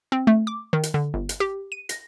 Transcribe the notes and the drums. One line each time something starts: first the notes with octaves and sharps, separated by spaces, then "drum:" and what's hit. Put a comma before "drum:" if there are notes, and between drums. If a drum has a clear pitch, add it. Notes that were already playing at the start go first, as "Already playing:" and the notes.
C4
A3
D6
D#3
drum: hi-hat
D3
G1
drum: hi-hat
G4
D#7
A#6, drum: hi-hat